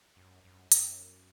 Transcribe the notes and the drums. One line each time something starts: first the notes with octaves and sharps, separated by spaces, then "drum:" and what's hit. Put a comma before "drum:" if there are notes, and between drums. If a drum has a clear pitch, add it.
F#2
F#2
F#2, drum: hi-hat